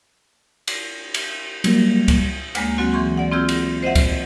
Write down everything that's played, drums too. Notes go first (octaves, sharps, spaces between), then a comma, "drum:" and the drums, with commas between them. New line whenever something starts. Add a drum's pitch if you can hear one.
drum: cymbal
drum: cymbal
F#3 G3 A#3, drum: cymbal
drum: kick C#2, cymbal
D2 G#3 A#3, drum: cymbal
F#3 A#3 C4 F#4
E3 G#4 C6 C#6
D5 F#5
C4 F4 G#4 E6 G6
drum: cymbal
C5 D#5 E5 F#5
drum: kick C#2, cymbal